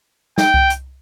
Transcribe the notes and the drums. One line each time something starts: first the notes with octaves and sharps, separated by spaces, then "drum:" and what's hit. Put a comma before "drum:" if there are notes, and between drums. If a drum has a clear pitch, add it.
G5, drum: snare D#4
drum: kick C2
drum: hi-hat